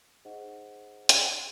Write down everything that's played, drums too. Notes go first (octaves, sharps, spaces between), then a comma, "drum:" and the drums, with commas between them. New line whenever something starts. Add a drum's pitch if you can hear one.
D#4 G#4 C5 D#5 F#5
drum: hi-hat